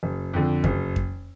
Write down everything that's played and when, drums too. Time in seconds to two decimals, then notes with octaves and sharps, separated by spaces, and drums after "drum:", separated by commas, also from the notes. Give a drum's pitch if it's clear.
0.03 F#1
0.34 F2 D3
0.64 F#1, drum: kick F2
0.96 drum: kick F2